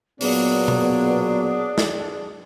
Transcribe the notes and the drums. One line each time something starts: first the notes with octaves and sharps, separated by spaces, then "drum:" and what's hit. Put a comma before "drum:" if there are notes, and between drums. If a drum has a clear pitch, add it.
A#2 F#3 B3 D4 G#4, drum: open hi-hat
drum: tom
drum: snare